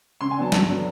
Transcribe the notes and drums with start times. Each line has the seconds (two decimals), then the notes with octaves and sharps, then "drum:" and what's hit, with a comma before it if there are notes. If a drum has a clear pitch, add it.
0.21 C#3 C6
0.31 G#5
0.37 F#3 B3 D4 A5
0.52 G2, drum: snare
0.69 D3 F#3 B3 D4